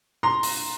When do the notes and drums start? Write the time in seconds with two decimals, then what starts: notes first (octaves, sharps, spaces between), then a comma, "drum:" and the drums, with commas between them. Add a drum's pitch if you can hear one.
0.23 A#5 C6
0.43 drum: open hi-hat